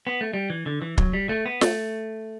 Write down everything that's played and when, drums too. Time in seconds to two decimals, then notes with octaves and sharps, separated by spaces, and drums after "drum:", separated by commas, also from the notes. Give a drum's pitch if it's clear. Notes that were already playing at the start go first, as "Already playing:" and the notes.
0.07 B3
0.21 A3
0.33 G3
0.50 E3
0.66 D3
0.82 E3
0.98 F#3, drum: kick
1.13 G3
1.29 A3
1.46 B3
1.61 A3, drum: snare